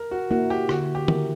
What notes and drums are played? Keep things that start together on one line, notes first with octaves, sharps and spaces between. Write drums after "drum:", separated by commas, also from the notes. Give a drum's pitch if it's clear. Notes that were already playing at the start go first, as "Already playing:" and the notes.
Already playing: A#4
F#4
A#3 E4 F#4 A#4
G4
D3 F#4, drum: rim click
G4
A#3 E4 A#4, drum: tom D#3